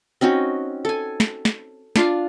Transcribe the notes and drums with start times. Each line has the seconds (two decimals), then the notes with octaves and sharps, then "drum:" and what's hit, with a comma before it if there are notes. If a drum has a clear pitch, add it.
0.21 C4 C#4 D#4 F#4
0.85 A4 G#5
1.20 drum: snare
1.45 drum: snare
1.96 D4 F4 F5, drum: snare